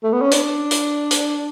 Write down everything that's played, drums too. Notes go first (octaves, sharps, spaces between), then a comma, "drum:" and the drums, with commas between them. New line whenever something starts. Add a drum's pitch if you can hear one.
A3
B3
C#4
D4, drum: hi-hat
drum: hi-hat
drum: hi-hat